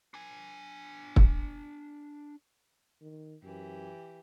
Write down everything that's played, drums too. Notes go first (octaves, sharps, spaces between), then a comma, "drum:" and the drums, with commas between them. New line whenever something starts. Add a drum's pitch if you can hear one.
D4 G#5
drum: kick
D#3
F#2 E3 G4